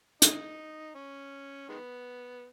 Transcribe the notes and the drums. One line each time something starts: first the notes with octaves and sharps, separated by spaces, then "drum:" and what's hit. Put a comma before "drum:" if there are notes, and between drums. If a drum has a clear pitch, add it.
D#4, drum: hi-hat
C#4
D#3 G#3 B3